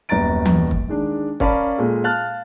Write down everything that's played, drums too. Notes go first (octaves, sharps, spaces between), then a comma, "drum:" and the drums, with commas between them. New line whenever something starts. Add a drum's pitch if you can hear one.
D#1 F#2 B3 A#5 A6 D7
drum: tom E3
drum: kick
D#3 G#3 D4
C#4 A#4 D5 F5 A5 B5, drum: kick
A#2 G#3 A4
F5 A5 F6 F#6 A6